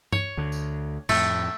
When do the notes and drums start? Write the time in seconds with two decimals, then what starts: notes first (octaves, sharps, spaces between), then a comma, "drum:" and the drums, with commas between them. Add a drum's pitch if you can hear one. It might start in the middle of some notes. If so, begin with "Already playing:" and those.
0.12 C#5, drum: tom G2
0.37 D2 D3
0.52 drum: tambourine
1.09 F2 A2 A3, drum: cymbal